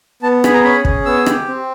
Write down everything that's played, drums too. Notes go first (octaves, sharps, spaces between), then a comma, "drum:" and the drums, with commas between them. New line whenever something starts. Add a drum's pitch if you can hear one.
B3 A5
G#4 B5, drum: rim click
A#5
C#4 B5
G#4, drum: kick
B3 E6
G4, drum: rim click
C4